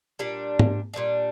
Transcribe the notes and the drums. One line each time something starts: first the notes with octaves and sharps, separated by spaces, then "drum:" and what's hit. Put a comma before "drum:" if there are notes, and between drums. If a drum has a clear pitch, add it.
A#2 G3 D4
drum: tom
A#2 G3 D4